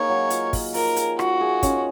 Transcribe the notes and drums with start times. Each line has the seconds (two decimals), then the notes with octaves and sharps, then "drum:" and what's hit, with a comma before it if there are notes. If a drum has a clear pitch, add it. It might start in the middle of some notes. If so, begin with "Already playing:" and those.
Already playing: A#3 D#4 G#4 C#5
0.09 F#3
0.30 F4, drum: hi-hat
0.53 A#3, drum: kick, open hi-hat
0.74 F3 A#4, drum: open hi-hat
0.96 G#4, drum: hi-hat
1.19 F4 F#4, drum: rim click
1.41 G#4
1.63 C#4, drum: kick, hi-hat